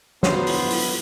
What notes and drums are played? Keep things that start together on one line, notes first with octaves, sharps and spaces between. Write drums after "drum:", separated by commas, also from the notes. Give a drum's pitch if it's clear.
F#3 B3 C5, drum: snare
drum: open hi-hat
drum: open hi-hat